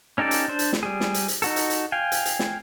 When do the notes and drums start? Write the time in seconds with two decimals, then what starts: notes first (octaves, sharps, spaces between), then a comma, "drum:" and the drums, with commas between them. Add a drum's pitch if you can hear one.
0.18 C#4 D#4 G4 A4 D5
0.31 drum: hi-hat
0.48 D4 C5
0.59 drum: hi-hat
0.73 drum: snare
0.83 G3 G#4
1.00 drum: snare
1.14 drum: hi-hat
1.28 drum: hi-hat
1.42 D#4 F#4 A4, drum: hi-hat
1.56 drum: hi-hat
1.70 drum: hi-hat
1.92 F5 G5 G#5
2.12 drum: hi-hat
2.25 drum: hi-hat
2.39 drum: snare